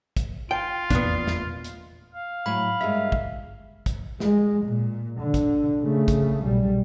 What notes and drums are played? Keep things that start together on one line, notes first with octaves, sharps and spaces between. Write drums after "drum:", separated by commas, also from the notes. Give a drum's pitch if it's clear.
drum: kick, hi-hat
F4 G5
F1 E2 A#2 B3 D4, drum: kick, hi-hat
drum: snare
drum: hi-hat
F5
A2 F#3 C#5 B5
G2 A#2 G#3 E5
drum: kick
drum: kick, hi-hat
G#3, drum: snare
A#2
D3
drum: kick, hi-hat
C#3 A3
drum: kick, hi-hat
B1 G3